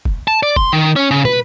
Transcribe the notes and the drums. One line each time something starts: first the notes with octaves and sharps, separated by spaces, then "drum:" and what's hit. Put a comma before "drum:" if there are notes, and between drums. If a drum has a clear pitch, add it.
drum: kick
A5
D5
C6, drum: kick
D#3
C#4
C#3
B4, drum: tom